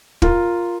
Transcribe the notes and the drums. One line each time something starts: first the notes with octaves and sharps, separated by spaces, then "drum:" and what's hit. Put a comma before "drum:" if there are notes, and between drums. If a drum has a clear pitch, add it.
F4 A#4, drum: kick